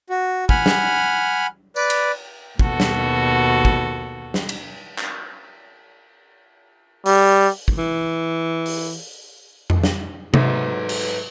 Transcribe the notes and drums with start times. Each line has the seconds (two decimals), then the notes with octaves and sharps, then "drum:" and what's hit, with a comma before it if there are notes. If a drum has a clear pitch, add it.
0.10 F#4
0.49 F#5 G#5 B5 F6, drum: kick
0.66 drum: snare
1.76 B4 D5, drum: tambourine
1.90 drum: cymbal
2.59 D#2 B2 F#4 A4, drum: kick
2.80 drum: snare
3.65 drum: kick
4.34 drum: snare
4.49 drum: cymbal
4.98 drum: clap
7.06 G3, drum: open hi-hat
7.68 drum: kick
7.78 E3
8.66 drum: open hi-hat
9.70 drum: tom F2
9.84 drum: snare
10.34 G#2 F#3 A4 B4 E5, drum: tom C3
10.89 drum: cymbal